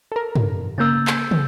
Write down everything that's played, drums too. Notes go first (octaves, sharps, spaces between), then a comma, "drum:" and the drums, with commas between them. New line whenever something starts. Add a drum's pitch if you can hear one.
A4 A#4
drum: tom
C#3 A#3 E6 G6 A6
drum: clap
drum: tom